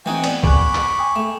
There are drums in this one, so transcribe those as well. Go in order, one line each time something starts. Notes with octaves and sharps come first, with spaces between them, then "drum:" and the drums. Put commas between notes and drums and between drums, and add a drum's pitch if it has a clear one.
E3 A3 C4 D#4 F#4 G5 G#5
B3 D5, drum: cymbal
F#5 G#5 B5 C#6 D6 F#6, drum: kick
drum: clap
G5 G#5 D#6
A3